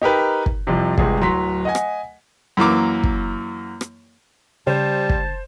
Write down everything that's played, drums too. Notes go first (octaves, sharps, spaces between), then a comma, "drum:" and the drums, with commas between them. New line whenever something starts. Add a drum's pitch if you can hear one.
D#4 G4 A#4 B4
drum: kick
C2 F2 C3
G1 C#2 C3 G#4, drum: kick
D1 F#3 C6 B6
D#5 F#5 G#5
drum: rim click
F#2 E3 A#3 D6
drum: kick
drum: rim click
C#3 G3 C5 A5
drum: kick